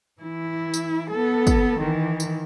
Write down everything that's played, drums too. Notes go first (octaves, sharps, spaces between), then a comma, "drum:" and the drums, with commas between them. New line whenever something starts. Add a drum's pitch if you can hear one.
E3 E4
drum: tambourine
B3 A4
drum: kick, tambourine
D#3 E3
drum: tambourine